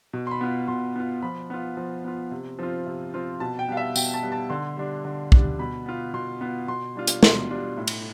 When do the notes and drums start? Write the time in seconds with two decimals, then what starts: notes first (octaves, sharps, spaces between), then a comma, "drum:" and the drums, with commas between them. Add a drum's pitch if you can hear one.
0.13 B2
0.27 C6
0.31 B5
0.41 B3 F4
0.68 B2 C6
0.96 B3 F4
1.22 F3 B5
1.50 B3 F4
1.77 F3
2.04 B3 F4
2.31 C3
2.59 F3 C4 F4
2.86 C3
3.14 F3 C4 F4
3.40 B2 A5
3.59 G5
3.68 G3 B3 F5
3.77 E5
3.96 B2 G5, drum: tambourine
4.14 A5
4.23 G3 B3
4.32 A5
4.50 D3 C6
4.77 G3 D4
5.05 D3
5.32 G3 D4, drum: kick
5.59 B2 B5
5.86 B3 F4
6.14 B2 C6
6.41 B3 F4
6.68 B2 C6
6.95 G3 D4 F4
7.07 drum: hi-hat
7.23 B2 C6, drum: snare
7.50 G3 D4 F4
7.77 A2
7.87 drum: cymbal